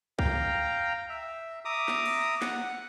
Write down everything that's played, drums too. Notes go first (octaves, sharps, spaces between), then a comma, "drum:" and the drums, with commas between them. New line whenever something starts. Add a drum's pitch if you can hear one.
F5 G5 A#5, drum: kick C2
E5
E5 A#5 D6 D#6
drum: snare
drum: cymbal
F#5, drum: snare